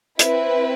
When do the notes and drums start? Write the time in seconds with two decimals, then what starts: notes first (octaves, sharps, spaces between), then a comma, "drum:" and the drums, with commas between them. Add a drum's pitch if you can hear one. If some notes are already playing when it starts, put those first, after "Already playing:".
0.19 C4 E4 B4, drum: hi-hat